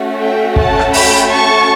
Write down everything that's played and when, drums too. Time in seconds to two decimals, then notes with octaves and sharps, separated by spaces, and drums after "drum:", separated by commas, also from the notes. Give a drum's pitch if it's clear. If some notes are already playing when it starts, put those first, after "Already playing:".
Already playing: A3 C#4 F#4
0.19 E5 G5
0.56 F#5 A5, drum: kick
0.79 drum: rim click
0.93 G5 B5, drum: open hi-hat
1.31 A5 C#6